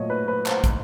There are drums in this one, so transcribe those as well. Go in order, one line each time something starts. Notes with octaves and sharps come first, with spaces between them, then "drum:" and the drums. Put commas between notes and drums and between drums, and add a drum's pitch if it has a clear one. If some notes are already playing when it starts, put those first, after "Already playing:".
Already playing: A#2 F#3 A3 C#5 D#5
B4
B4
C5, drum: clap
drum: kick, hi-hat